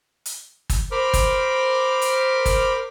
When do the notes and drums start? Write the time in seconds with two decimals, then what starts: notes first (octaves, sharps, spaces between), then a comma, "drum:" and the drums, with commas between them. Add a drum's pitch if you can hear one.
0.26 drum: hi-hat
0.70 drum: kick, hi-hat
0.92 A#4 C5 B5 D6 F6
1.14 drum: kick, hi-hat
2.02 drum: hi-hat
2.46 drum: kick, hi-hat